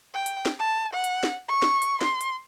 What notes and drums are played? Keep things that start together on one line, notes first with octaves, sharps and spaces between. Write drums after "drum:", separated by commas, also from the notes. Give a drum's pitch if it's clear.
G5
drum: hi-hat
drum: snare
A5
F#5
drum: hi-hat
drum: snare
C#6
drum: snare
drum: hi-hat
C6, drum: snare
drum: hi-hat